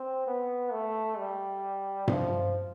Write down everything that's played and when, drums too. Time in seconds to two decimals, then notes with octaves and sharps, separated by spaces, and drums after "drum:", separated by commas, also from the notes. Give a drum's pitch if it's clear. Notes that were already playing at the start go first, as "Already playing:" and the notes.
Already playing: C4
0.27 B3
0.72 A3
1.18 G3
2.08 F3, drum: tom G2